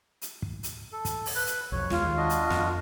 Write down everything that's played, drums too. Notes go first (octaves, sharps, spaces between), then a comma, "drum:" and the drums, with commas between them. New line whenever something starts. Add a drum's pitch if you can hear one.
drum: hi-hat
drum: kick
drum: hi-hat
A4
drum: kick, hi-hat
drum: open hi-hat
B4
drum: hi-hat
B1 F2 C#5
D#2 G#3 F4, drum: snare
D4 F#4 D#5
drum: hi-hat
F2, drum: snare